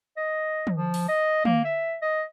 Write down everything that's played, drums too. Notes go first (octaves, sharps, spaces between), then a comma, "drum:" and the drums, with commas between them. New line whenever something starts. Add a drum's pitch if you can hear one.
D#5
drum: tom
F3
drum: open hi-hat
D#5
A#3, drum: tom
E5
D#5